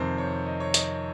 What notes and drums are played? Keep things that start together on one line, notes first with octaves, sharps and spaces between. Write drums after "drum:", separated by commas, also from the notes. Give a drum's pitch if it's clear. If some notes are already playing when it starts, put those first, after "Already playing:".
Already playing: F2 C3 D#3 C5
C#5
D#5
C#5
D#5, drum: hi-hat